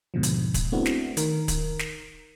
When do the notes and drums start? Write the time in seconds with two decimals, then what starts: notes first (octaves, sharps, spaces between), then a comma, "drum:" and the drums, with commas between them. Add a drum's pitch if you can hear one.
0.14 D#2 G#2 B2 D3 F3
0.23 drum: hi-hat
0.54 drum: kick, hi-hat
0.72 A3 B3 C4 D4 E4 F#4
0.86 drum: snare
1.17 D#3 A#4, drum: hi-hat
1.48 drum: kick, hi-hat
1.79 drum: snare